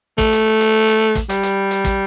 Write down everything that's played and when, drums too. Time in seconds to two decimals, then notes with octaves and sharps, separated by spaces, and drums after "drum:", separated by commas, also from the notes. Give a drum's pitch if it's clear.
0.18 A3, drum: kick, hi-hat
0.32 drum: hi-hat
0.60 drum: hi-hat
0.88 drum: hi-hat
1.15 drum: kick, hi-hat
1.29 G3, drum: hi-hat
1.43 drum: hi-hat
1.71 drum: hi-hat
1.85 drum: kick, hi-hat